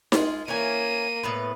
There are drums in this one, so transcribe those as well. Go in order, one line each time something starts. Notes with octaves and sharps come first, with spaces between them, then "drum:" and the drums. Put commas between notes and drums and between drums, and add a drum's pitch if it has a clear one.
G#3 F4, drum: snare D#4
E3 A#3 C#4 G#5 D#7
A2 B3 B4